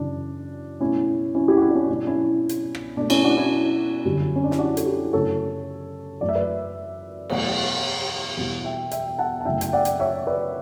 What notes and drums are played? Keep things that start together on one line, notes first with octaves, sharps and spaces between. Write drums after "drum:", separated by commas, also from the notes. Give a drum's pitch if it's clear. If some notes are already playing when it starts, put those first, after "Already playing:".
Already playing: F#2 C#3 E3 D4
B2 A3 C#4 E4
C#4 E4
E4 G4
F#4
E4 G4
D4
C#4 E4
B2 G3 D4
C#4 E4
drum: hi-hat
drum: rim click
B2 A3 D4
C#4 E4, drum: cymbal
D4 F#4
C#4 E4
F#2 D3 G3
C#4
D4
E4, drum: snare
D4 F#4
A4, drum: hi-hat
E4 G4
F#2 C#3 F#3 A3 A4 C#5
F#2 E3 A3 D5
E5
B4 D5
E2 B2 F#3 A3, drum: cymbal
E2 B2 G3
E5 G5
E5 G5, drum: hi-hat
F#5 A5
A5
F#2 C#3 E3 A3 E5 G5
G5, drum: hi-hat
D5 F#5
drum: hi-hat
C#5 E5
B4 D5